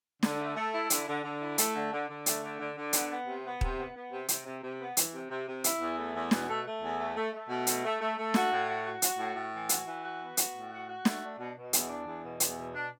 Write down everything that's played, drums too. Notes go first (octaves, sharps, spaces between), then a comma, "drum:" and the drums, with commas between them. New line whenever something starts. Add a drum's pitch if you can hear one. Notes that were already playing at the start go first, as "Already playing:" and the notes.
D3, drum: snare
A3
A3
E4
D3, drum: hi-hat
D3
D3
E4
A3, drum: hi-hat
D3
D3
D3
A3, drum: hi-hat
D3
D3
D3
B3, drum: hi-hat
B3
C3
B3
C3, drum: kick D#1
B3
B3
C3
C3, drum: hi-hat
C3
C3
B3
E3, drum: hi-hat
C3
C3
C3
E4, drum: hi-hat
E2
A3
E2
B2, drum: snare
A3
A3
E2
A3
A3
A3
B2
A3, drum: hi-hat
A3
A3
A3
F#4, drum: snare
A2
F#4
F#4
F#4, drum: hi-hat
A2
A2
E3
F#4, drum: hi-hat
E3
F#4
B3
F#4, drum: hi-hat
A2
F#4
F#4
A3, drum: snare
D4
B2
B2
E2, drum: hi-hat
D4
E2
B2
E2, drum: hi-hat
B2
D4